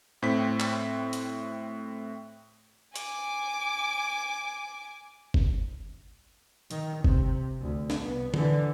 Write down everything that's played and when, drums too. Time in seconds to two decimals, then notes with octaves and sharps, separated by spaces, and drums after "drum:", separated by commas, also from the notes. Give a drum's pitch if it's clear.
0.22 A2 C4 B6
0.60 drum: clap
1.13 drum: hi-hat
2.96 G#5 D6, drum: hi-hat
5.34 drum: kick G1
6.71 D#3, drum: hi-hat
7.04 C3, drum: kick G1
7.61 D2
7.90 drum: snare
8.02 C2 B3
8.34 D3 E3, drum: tom D3